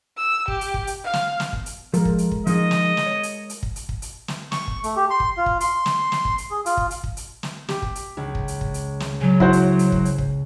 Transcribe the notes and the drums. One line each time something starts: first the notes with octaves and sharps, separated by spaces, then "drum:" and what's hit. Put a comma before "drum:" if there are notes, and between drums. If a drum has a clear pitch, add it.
E6
G4, drum: kick
drum: hi-hat
drum: kick
drum: hi-hat
F5
drum: snare
drum: snare
drum: kick
drum: hi-hat
F3 G#3 A4 A#4, drum: hi-hat
drum: kick
drum: hi-hat
drum: kick
F3 D#4 G#4 D#5, drum: hi-hat
drum: snare
drum: snare
C#5
drum: hi-hat
drum: hi-hat
drum: kick
drum: hi-hat
drum: kick
drum: hi-hat
drum: snare
C#6, drum: snare
drum: kick
A3, drum: hi-hat
G4
C6
drum: kick
F4
drum: kick
C6, drum: hi-hat
drum: snare
drum: snare
drum: kick
drum: hi-hat
G#4
F4, drum: hi-hat
drum: kick
drum: hi-hat
drum: kick
drum: hi-hat
drum: snare
G4, drum: snare
drum: kick
drum: hi-hat
C#2
drum: kick
drum: hi-hat
drum: kick
drum: hi-hat
drum: snare
C#3 F#3
E4 F#4 C5, drum: kick
drum: hi-hat
drum: hi-hat
drum: kick
drum: hi-hat
drum: kick